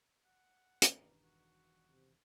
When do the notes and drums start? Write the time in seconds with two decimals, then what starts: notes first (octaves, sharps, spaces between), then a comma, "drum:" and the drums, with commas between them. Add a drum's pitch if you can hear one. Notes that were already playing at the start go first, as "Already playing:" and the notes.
0.25 F#5
0.82 E1 G2 D#3 E3 D#4, drum: hi-hat
1.24 F#4
1.89 C3